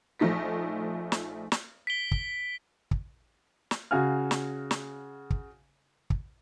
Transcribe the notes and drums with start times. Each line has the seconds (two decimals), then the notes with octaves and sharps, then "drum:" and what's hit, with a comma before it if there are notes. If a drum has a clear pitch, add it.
0.19 A#1 F3 A3 D#4 A#6 B6
1.12 drum: snare
1.52 drum: snare
1.87 B6 D7 G7
2.11 drum: kick
2.91 drum: kick
3.71 drum: snare
3.91 C#3 F#4 F5 G#5 F6
4.31 drum: snare
4.71 drum: snare
5.30 drum: kick
6.10 drum: kick